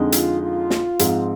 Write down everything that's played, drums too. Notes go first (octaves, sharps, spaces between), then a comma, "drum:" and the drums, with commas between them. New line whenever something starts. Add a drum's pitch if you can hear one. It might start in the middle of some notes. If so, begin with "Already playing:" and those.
Already playing: F2 D3 G#3 D#4
F4, drum: hi-hat
F4
drum: snare
G#2 F3 G#3 C4, drum: hi-hat